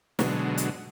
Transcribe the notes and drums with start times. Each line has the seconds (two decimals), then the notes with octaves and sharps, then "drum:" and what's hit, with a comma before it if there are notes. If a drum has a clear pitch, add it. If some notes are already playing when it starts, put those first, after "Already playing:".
0.19 B2 D3 F#3 G#3, drum: snare
0.58 drum: hi-hat